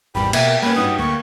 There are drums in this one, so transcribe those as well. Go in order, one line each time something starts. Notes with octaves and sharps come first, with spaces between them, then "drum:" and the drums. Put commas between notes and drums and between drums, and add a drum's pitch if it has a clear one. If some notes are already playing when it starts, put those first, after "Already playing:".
G#1 E2 G3 G4 B5
B2 A#3 G4 E5, drum: cymbal
A#3 C#4 B4 B5 G#6
G2 D#4 F#4 D#6
D2 A#3 C#6